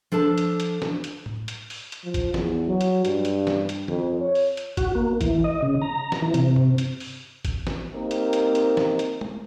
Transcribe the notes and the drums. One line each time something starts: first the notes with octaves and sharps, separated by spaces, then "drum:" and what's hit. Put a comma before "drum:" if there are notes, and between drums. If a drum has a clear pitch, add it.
F3 D4 A4 A5
drum: hi-hat
drum: hi-hat
drum: snare
drum: hi-hat
drum: tom A2
drum: hi-hat
drum: open hi-hat
drum: hi-hat
F3
drum: kick G#1, hi-hat
E2, drum: snare
F#3
drum: hi-hat
G2, drum: hi-hat
drum: hi-hat
drum: snare
drum: hi-hat
F2, drum: tom
C#5
drum: open hi-hat
drum: hi-hat
F#4, drum: kick G#1, hi-hat
A#3
E3, drum: kick G#1, hi-hat
D#5
C#3
A#5
drum: snare
E3
C3, drum: hi-hat
drum: tom G2
drum: hi-hat
drum: open hi-hat
drum: kick G#1, hi-hat
drum: snare
A#3 C4 D#4 G4 A#4
drum: hi-hat
drum: hi-hat
drum: hi-hat
drum: snare
drum: hi-hat
drum: tom